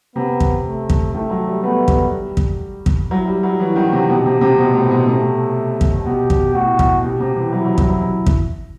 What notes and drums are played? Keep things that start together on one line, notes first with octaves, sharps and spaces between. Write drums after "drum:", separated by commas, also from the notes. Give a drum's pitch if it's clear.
C3 B3
drum: kick
A3
drum: kick
D#3 A3
F#3
G3
A3 B3
G3, drum: kick
drum: kick
drum: kick
F#3 E4
G3
F#3
E3 F#4
D#3
C3
B2 G4
C3
C3
B2 C4
A2
B2
C3 A3
drum: kick
B2 G4
drum: kick
A2 F#4
drum: kick
B2 G4
C3
E3
F#3 E4
F#3
F#3, drum: kick
F#3
drum: kick